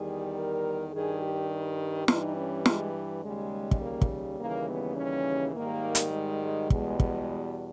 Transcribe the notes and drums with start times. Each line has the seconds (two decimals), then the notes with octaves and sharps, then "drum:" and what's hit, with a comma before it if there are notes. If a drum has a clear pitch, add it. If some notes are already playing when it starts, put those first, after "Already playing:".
Already playing: E2 D#3 G3 G#4
0.35 A#4
0.93 G2 D#3 G3 G#4
1.21 G4
2.08 G2 E3 G3 D#4, drum: snare
2.37 C#4
2.66 G#3, drum: snare
3.24 D#2 C#3 G3 G#3
3.71 drum: kick
3.81 A#3
4.01 drum: kick
4.39 D#2 C#3 E3 G3 A#3
4.68 B3
4.97 C#4
5.55 G#2 D#3 G3 A#3
5.95 drum: hi-hat
6.13 G#3
6.42 G#3
6.70 E2 B2 G3 G#3, drum: kick
7.00 G#3, drum: kick